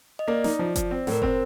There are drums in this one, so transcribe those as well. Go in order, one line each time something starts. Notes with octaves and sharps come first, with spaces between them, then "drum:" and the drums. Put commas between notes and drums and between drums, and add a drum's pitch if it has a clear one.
D#5
A#3 D5
D#4, drum: snare
F3
F3, drum: kick F#1, hi-hat
C4
A2 A#4, drum: snare
C4 C5, drum: kick F#1